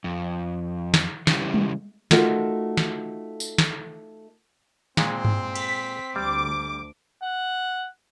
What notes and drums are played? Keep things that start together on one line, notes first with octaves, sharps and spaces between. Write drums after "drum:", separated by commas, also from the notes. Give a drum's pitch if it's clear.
F2
drum: snare
C#3 E3 G3, drum: snare
drum: tom G3
A3 D#4 F4 F#4 A4 A#4, drum: snare
drum: snare
drum: tambourine
drum: snare
A#2 G#3 C4, drum: snare
drum: tom G2
B6, drum: cymbal
D2 G3 D6
F#5